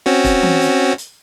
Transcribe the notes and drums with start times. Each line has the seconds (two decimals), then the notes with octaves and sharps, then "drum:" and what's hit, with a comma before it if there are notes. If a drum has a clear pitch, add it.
0.06 C4 C#4 F#4
0.24 drum: kick, hi-hat
0.43 drum: tom E3
0.61 drum: hi-hat
0.98 drum: hi-hat